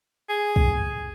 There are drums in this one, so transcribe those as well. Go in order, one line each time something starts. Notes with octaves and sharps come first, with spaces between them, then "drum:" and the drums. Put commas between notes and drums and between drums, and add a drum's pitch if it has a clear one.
G#4
drum: kick